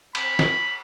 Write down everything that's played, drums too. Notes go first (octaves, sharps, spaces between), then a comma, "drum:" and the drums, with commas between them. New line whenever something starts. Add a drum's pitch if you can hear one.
C4 B5, drum: cymbal
drum: snare